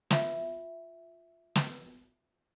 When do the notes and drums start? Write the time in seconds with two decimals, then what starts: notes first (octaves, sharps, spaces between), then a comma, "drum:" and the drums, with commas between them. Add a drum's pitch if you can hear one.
0.11 F4 E5, drum: snare
1.56 drum: snare